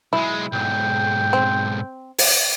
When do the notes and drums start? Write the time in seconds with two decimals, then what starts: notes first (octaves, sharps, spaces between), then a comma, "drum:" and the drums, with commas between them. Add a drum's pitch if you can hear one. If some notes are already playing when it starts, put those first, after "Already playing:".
0.13 B1 G#3 E4
0.52 B1 G#2 G5
1.33 C4
2.18 drum: open hi-hat